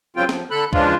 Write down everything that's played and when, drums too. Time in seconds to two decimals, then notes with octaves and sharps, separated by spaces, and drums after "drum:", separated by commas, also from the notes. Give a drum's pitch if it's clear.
0.16 G2 C#3 F#3 C4 F4 G5
0.29 F3, drum: snare
0.51 D3 A4 B5 F#6
0.73 C#3 E3 F3 G#3 D4 F4, drum: kick